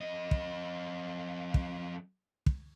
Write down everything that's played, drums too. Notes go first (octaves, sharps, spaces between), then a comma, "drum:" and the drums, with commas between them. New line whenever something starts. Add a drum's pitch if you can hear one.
F2 D#5
drum: kick
drum: kick
drum: kick